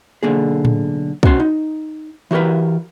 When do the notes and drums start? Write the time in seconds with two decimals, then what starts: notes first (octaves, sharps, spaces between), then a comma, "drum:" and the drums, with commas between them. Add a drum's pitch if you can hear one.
0.23 B1 D3 A#3 G#4
0.65 drum: tom A2
1.23 B2 C#4 F#4 C6, drum: kick
1.40 D#4
2.31 E3 F#4 G4 A#4 B4